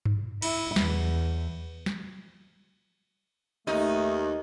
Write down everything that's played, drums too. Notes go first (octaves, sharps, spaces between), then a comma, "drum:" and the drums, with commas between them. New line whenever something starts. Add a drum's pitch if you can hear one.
drum: tom G2
E4, drum: cymbal
E2, drum: snare
drum: snare
D#2 A3 D#4